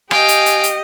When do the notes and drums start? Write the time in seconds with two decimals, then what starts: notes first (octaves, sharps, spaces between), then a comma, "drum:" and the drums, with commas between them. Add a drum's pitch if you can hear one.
0.11 G4 D#5 F5 G5 G#5, drum: rim click
0.28 drum: hi-hat
0.46 drum: hi-hat
0.64 drum: hi-hat